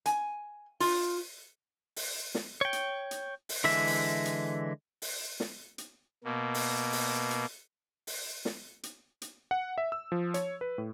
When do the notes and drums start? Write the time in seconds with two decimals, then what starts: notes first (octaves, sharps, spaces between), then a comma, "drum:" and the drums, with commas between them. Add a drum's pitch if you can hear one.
0.06 G#5, drum: hi-hat
0.80 F4, drum: open hi-hat
1.96 drum: open hi-hat
2.35 drum: snare
2.61 C#5 G5
2.73 drum: hi-hat
3.11 drum: hi-hat
3.49 drum: open hi-hat
3.64 D3 E3 G#3 E5
3.87 drum: open hi-hat
4.25 drum: hi-hat
5.02 drum: open hi-hat
5.40 drum: snare
5.78 drum: hi-hat
6.24 B2 A#3
6.54 drum: open hi-hat
6.93 drum: open hi-hat
7.31 drum: hi-hat
8.07 drum: open hi-hat
8.45 drum: snare
8.83 drum: hi-hat
9.22 drum: hi-hat
9.51 F#5
9.78 E5
9.92 E6
10.12 F3
10.34 C#5, drum: hi-hat
10.61 B4
10.78 A2